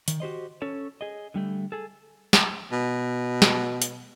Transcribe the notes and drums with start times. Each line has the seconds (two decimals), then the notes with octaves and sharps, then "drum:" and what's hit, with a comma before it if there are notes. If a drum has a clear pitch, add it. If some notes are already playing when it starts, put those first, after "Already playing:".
0.08 D#3, drum: hi-hat
0.20 F#4 G4 C5 D#5
0.62 C#4 A4 C#5
1.01 G#4 D#5
1.34 D3 G3 A3
1.72 G#4 A4
2.33 drum: snare
2.72 B2
3.42 drum: snare
3.82 drum: hi-hat